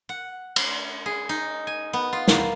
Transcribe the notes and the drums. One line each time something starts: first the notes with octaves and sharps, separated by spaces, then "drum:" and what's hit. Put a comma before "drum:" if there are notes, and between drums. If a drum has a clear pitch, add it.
F#5
C6, drum: cymbal
G#4
D#4
G#5
B3
F4
A#3, drum: snare